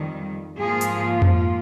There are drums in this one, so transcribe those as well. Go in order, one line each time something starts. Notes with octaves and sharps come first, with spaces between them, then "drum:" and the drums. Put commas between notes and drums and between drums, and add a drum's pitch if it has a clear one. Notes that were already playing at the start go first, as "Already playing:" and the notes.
Already playing: F2 D#3 G3
G#2 F3 A#3 F4 G#4
drum: hi-hat
drum: tom F2